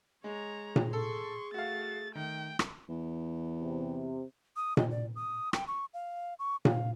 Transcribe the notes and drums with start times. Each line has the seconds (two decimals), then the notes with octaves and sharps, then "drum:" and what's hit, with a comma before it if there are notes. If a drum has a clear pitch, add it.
0.24 G#3 G#4 C#5 A#5
0.76 drum: tom A#2
0.93 A4 C6 C#6
1.54 A3 F#4 F5 A6
2.15 D#3 A3 G5
2.59 drum: rim click
2.89 E2
3.61 C3
4.56 D#6
4.77 D#5, drum: tom A#2
4.91 D5
5.16 D#6
5.53 G5, drum: rim click
5.67 C#6
5.94 F5
6.39 C#6
6.65 F5, drum: tom A#2